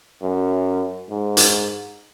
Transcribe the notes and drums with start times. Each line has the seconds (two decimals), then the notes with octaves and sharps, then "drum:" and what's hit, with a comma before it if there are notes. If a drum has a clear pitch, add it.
0.22 F#2
1.10 G#2
1.37 drum: hi-hat